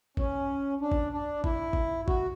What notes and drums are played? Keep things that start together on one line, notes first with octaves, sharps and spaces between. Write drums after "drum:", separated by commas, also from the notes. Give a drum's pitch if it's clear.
C#4, drum: kick G#1
D4
drum: kick G#1
D4
E4, drum: kick G#1
drum: kick G#1
F#4, drum: kick G#1